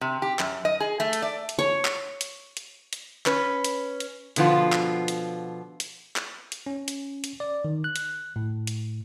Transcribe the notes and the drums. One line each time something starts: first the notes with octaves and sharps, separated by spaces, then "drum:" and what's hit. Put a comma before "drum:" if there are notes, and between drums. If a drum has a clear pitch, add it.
C3
G4
F#2, drum: clap
D#5
G#4
A3
drum: hi-hat
D5
drum: hi-hat
C#5
drum: clap
drum: hi-hat
drum: hi-hat
drum: hi-hat
C#4 B4, drum: clap
drum: hi-hat
drum: hi-hat
B2 D3 F3 B3 F4, drum: hi-hat
drum: clap
drum: hi-hat
drum: hi-hat
drum: clap
drum: hi-hat
C#4
drum: hi-hat
drum: hi-hat
D5
D#3
F#6
drum: hi-hat
A2
drum: hi-hat